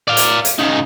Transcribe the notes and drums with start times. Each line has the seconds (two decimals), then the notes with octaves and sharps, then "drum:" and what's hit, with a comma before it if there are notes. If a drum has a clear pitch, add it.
0.08 D5 F5
0.17 drum: hi-hat
0.45 drum: hi-hat
0.59 C#3 D#4